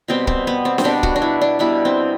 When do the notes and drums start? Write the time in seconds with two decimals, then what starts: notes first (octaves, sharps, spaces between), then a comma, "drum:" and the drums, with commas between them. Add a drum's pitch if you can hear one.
0.08 B2 G3 B3 C4
0.27 C4, drum: kick
0.47 B3
0.65 C4
0.78 C4, drum: snare D4
0.84 B2 G3 B3 D4
1.03 F#4, drum: kick
1.16 D4
1.22 E4
1.41 D4
1.59 B2 G3 B3 E4
1.85 C4